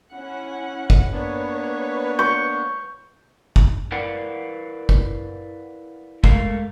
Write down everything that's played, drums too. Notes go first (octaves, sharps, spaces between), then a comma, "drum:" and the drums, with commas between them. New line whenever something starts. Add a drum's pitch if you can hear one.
C#4 E4 F#5
drum: kick
A#3 B3 D4 B4 C#5
C#6 G6
drum: kick
E4 A#4 B4 D5 F5 F#5
drum: kick
G#3 A3 A#4 F5, drum: kick